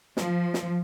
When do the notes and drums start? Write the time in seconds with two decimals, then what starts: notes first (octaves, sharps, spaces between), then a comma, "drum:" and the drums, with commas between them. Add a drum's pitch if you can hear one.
0.17 F3, drum: snare
0.54 drum: snare